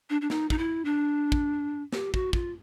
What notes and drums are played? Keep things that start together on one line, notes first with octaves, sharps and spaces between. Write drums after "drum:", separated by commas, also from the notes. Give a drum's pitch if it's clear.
D4
D4
D#4, drum: snare
D#4, drum: kick
E4
D4
drum: kick
G4, drum: snare
F#4, drum: kick
F4, drum: kick